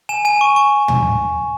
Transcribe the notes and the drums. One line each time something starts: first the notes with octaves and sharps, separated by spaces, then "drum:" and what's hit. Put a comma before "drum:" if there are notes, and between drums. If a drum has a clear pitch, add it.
G#5 E7
G#5 D#7
C#6
C#6
drum: tom